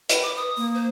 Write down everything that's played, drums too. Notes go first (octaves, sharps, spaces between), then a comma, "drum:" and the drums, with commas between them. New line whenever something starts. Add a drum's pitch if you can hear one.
B4, drum: hi-hat
D6
D#6
A#3
C5